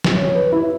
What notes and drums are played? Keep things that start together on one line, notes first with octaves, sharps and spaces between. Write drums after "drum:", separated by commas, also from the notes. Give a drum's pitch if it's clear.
drum: snare
C#5
B4
E4